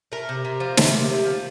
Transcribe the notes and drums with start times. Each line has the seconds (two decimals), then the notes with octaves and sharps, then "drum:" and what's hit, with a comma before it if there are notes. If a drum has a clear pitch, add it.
0.12 A3 A#4
0.29 C3
0.45 C3
0.60 F3
0.77 A3, drum: snare
0.93 C3
1.10 C3
1.25 F3